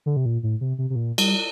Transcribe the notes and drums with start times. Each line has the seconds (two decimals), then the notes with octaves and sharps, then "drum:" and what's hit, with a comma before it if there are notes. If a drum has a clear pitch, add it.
0.06 D3
0.16 C3
0.26 A#2
0.43 A2
0.61 C3
0.78 C3
0.90 C3
0.96 A#2
1.18 G3, drum: cymbal